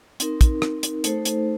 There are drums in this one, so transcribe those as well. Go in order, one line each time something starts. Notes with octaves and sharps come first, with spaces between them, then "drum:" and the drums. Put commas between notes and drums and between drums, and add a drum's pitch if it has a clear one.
C4 D#4 A#4, drum: hi-hat
drum: kick, hi-hat
drum: rim click
drum: hi-hat
A3 D#4 A4 C5, drum: hi-hat
drum: hi-hat